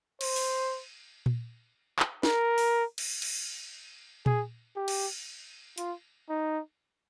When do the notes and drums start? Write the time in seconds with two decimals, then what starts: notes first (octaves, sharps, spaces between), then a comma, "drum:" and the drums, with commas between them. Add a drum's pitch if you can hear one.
0.21 C5, drum: cymbal
0.36 drum: open hi-hat
1.26 drum: tom A#2
1.99 drum: clap
2.23 A#4, drum: snare
2.58 drum: open hi-hat
2.98 drum: cymbal
3.22 drum: cymbal
4.26 G#4, drum: tom A#2
4.76 G4
4.88 drum: cymbal
5.78 F4, drum: hi-hat
6.29 D#4